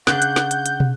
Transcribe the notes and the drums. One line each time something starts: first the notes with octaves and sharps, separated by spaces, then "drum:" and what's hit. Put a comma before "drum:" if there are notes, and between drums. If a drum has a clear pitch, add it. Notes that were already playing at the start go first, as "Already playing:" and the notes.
C#3 D4 F#5 F#6 G6, drum: snare
drum: hi-hat
drum: snare
drum: hi-hat
drum: hi-hat
drum: tom